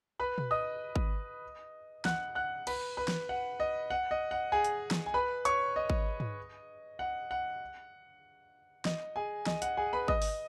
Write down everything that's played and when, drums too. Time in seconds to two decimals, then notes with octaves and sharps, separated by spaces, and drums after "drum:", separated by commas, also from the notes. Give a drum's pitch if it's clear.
0.20 B4 B5
0.38 drum: tom
0.51 D#5 D#6
0.96 drum: kick G#1
2.05 F#5 F#6, drum: snare
2.35 F#5 F#6
2.67 B4 B5, drum: cymbal
2.97 B4 B5
3.08 drum: snare
3.29 F#5
3.60 D#5
3.90 F#5
4.11 D#5
4.31 F#5
4.52 G#4 G#5
4.65 drum: hi-hat
4.91 drum: snare
5.06 G#5
5.14 B4 B5
5.45 C#5 C#6, drum: hi-hat
5.76 D#5
5.90 drum: kick G#1
6.20 drum: tom
6.99 F#5
7.31 F#5
8.85 D#5, drum: snare
9.16 G#4 G#5
9.47 D#5, drum: snare
9.62 F#5, drum: hi-hat
9.77 G#4 G#5
9.93 B4 B5
10.08 D#5 D#6, drum: kick G#1
10.22 drum: open hi-hat